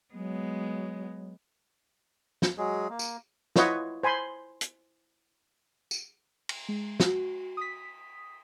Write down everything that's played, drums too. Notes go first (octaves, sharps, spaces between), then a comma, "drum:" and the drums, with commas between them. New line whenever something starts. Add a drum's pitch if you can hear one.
F#3 G#3 B3
drum: snare
F#3 G#3 G#4
A#3
drum: tambourine
E4 F4 B4 C#5 D#5 F#5, drum: snare
C5 G#5 B5 C6
drum: hi-hat
drum: tambourine
drum: cymbal
G#3
F#4, drum: snare
D#6 B6